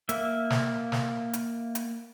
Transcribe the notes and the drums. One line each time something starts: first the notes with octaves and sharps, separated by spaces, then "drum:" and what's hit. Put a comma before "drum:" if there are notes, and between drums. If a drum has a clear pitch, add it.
A#3 E5, drum: hi-hat
drum: snare
drum: snare
drum: hi-hat
drum: hi-hat